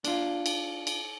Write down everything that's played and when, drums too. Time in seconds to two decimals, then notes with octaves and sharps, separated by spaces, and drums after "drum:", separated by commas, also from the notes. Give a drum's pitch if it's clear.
0.05 D4 F4, drum: cymbal
0.46 drum: cymbal
0.87 drum: cymbal